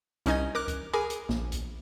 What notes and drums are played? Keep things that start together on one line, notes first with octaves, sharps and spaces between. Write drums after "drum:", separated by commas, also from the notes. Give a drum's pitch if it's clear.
C2 C#4 D#4 D#5 G#5 G#6, drum: hi-hat
A#4 D6 F#6
drum: kick C#2, hi-hat
G#4 A#4 G#5 B5 D6
drum: hi-hat
A#1, drum: snare
drum: kick C#2, hi-hat